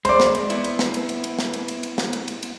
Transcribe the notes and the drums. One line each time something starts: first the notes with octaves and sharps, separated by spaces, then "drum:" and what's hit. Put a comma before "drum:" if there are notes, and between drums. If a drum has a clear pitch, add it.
G#3 C5 D5, drum: cymbal
drum: snare
drum: cymbal
B3 E4, drum: cymbal
drum: cymbal
drum: snare
drum: cymbal
drum: cymbal
drum: cymbal
drum: snare
drum: cymbal
drum: cymbal
drum: cymbal
drum: snare
drum: cymbal
drum: cymbal
drum: cymbal